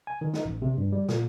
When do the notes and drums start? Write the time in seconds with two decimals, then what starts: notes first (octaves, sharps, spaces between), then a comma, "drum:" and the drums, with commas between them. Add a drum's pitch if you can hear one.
0.07 G#5
0.21 D#3
0.34 D#4, drum: snare
0.45 A1
0.62 C3
0.78 G2
0.92 G3
1.09 A#2, drum: snare